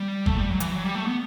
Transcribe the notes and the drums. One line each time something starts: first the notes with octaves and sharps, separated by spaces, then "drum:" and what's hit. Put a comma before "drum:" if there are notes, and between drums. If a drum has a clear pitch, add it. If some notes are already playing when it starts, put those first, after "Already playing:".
Already playing: G3
A3, drum: kick G1
G3
F#3
E3, drum: hi-hat
F#3
G3
A3
B3